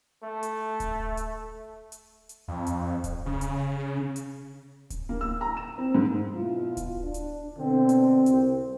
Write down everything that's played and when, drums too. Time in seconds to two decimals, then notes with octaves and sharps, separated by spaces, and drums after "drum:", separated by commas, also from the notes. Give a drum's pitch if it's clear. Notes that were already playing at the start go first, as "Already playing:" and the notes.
0.23 A3
0.43 drum: hi-hat
0.80 drum: kick D1, hi-hat
1.17 drum: hi-hat
1.92 drum: hi-hat
2.29 drum: hi-hat
2.48 F2
2.66 drum: hi-hat
3.04 drum: kick D1, hi-hat
3.26 C#3
3.41 drum: hi-hat
4.16 drum: hi-hat
4.90 drum: kick D1, hi-hat
5.09 A#3
5.21 E6
5.41 A#5
5.57 E7
5.78 C4
5.94 G#2
6.35 B2 E4 F4
6.77 drum: kick D1, hi-hat
7.02 D4
7.14 drum: hi-hat
7.58 B2 D3 C4
7.89 drum: hi-hat
8.26 C2, drum: hi-hat